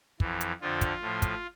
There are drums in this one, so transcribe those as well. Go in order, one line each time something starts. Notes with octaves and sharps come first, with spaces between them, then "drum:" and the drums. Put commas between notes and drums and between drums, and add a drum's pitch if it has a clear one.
F2 E3, drum: kick
drum: hi-hat
F2 D3 F3 F4
drum: kick, hi-hat
A2 F3
drum: kick, hi-hat